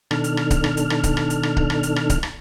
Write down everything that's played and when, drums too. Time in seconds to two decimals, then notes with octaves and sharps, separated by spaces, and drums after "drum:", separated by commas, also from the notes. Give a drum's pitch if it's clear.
0.11 B2 D#3 D4 A4 F6, drum: rim click
0.24 drum: hi-hat
0.37 drum: rim click
0.50 drum: kick C#1, hi-hat
0.64 drum: rim click
0.77 drum: hi-hat
0.90 drum: rim click
1.04 drum: kick C#1, hi-hat
1.17 drum: rim click
1.30 drum: hi-hat
1.43 drum: rim click
1.57 drum: kick C#1
1.70 drum: rim click
1.83 drum: hi-hat
1.96 drum: rim click
2.10 drum: kick C#1, hi-hat
2.23 drum: rim click